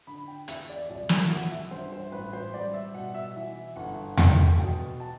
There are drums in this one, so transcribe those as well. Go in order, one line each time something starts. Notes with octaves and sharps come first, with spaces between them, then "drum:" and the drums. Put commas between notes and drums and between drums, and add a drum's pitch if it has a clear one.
D3 B5
G5
E2 E5, drum: hi-hat
D5
C2 D5
drum: snare
C2 F#5
E5
G2 C5
C5
A1 B4
C5
G3 D5
E5
B2 F#5
E5
E3 E5
G1 F#5
E2 G5, drum: tom E2
B2 G5
A5